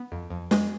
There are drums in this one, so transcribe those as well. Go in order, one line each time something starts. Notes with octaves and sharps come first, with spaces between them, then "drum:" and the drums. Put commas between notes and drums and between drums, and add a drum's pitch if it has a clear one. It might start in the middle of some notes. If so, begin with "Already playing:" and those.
Already playing: B3
F2
F2
G#3, drum: snare